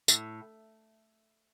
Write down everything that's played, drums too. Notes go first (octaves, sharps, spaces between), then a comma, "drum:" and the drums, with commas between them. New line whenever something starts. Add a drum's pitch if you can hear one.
A2, drum: tambourine